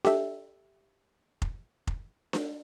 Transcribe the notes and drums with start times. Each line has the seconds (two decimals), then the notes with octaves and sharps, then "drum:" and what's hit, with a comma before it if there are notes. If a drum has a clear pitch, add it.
0.05 G4 A4 E5, drum: snare D4
1.42 drum: kick F1
1.87 drum: kick F1
2.33 drum: snare D4